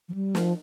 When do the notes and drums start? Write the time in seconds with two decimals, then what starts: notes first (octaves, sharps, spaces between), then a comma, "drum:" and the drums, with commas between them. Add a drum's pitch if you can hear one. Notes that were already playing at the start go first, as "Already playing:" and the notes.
0.09 F3
0.14 G3
0.35 F3, drum: snare